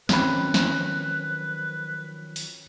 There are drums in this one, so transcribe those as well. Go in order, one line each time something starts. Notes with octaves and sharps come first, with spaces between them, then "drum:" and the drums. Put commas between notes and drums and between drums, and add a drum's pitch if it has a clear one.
D#3 F3 F#3 C4 C#4 B4 B5, drum: snare
drum: snare
drum: open hi-hat